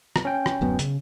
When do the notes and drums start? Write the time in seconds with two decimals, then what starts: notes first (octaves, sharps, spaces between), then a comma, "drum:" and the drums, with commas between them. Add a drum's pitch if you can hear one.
0.16 drum: rim click
0.25 C#4 G5
0.46 drum: rim click
0.61 D1 F#2 B3
0.79 C#3, drum: hi-hat